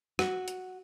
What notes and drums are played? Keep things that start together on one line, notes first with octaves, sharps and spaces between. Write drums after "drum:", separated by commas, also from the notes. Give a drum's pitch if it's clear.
F#4, drum: rim click
drum: hi-hat